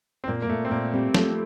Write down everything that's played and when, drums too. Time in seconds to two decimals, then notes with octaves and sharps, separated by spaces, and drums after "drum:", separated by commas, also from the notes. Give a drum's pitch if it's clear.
0.24 C4
0.28 A#2 A#3
0.42 A#3
0.49 A#2 A3
0.65 C4
0.71 A#2 A#3
0.93 G3 C4
1.15 F3 A3, drum: snare